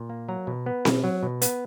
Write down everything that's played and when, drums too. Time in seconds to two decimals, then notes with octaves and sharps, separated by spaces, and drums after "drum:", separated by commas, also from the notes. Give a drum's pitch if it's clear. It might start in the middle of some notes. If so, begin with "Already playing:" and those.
Already playing: A#2
0.09 A#3
0.29 F#3 A#5
0.47 B2
0.66 B3
0.85 B2, drum: snare C4
1.04 F#3
1.23 B2
1.42 B3, drum: hi-hat